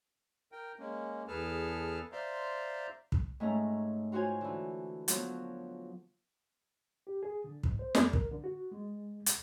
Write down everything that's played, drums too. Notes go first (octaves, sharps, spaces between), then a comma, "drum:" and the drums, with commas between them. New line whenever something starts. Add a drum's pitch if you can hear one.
A#4 G5
G#3 A#3 C#4
E2 G#4 A4 B4 A5 F6
C5 D5 E5 F5 A#5 C6
drum: kick
G#2 A3 C#4 A#5
F4 F#4 C5 C#5 G#5
D3 E3
F3 F#3 B3, drum: hi-hat
G4
G#4
D3
G#2, drum: kick
C5
F2, drum: snare
A#4, drum: kick
D3
F#4
G#3
C2, drum: hi-hat